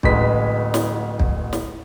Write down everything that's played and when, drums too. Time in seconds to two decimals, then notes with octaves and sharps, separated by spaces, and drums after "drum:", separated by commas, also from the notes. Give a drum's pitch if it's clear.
0.03 D1 A1 G#3 B4 B6, drum: kick
0.74 drum: snare
1.20 drum: kick
1.53 drum: snare